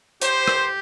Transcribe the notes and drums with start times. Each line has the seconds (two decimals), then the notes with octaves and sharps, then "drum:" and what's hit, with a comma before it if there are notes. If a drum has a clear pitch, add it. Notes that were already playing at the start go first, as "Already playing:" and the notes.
0.22 G4 C5, drum: hi-hat
0.48 drum: rim click